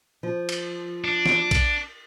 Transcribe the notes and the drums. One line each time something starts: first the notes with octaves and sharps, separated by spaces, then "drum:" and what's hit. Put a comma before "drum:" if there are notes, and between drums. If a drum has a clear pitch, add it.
F3
drum: cymbal
D4
drum: snare
drum: kick A#1, cymbal